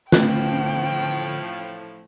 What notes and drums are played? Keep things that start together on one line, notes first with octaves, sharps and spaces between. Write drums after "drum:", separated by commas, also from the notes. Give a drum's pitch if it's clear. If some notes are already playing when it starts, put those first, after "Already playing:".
A2 D3 F3 A3 G5 F#6, drum: snare